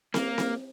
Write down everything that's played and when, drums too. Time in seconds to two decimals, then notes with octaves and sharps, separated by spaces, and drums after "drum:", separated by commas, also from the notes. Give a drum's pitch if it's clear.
0.14 A#3, drum: snare C4
0.38 drum: snare C4